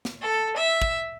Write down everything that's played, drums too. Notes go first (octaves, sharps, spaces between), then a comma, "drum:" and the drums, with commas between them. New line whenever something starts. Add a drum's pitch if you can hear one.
drum: snare
A4
E5
drum: kick